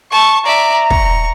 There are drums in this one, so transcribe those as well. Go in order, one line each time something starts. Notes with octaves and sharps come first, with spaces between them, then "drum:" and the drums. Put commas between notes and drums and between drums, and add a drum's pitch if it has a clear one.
A5 C#6
D5 E5 A#5
C#6, drum: kick